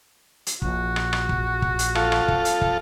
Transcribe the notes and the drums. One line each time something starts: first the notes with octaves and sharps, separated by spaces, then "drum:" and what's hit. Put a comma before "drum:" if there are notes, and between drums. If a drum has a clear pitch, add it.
drum: hi-hat
A#1 F#4, drum: kick
drum: rim click
drum: rim click
drum: kick
drum: kick
drum: hi-hat
F4 A4, drum: rim click
drum: rim click
drum: kick
drum: hi-hat
drum: kick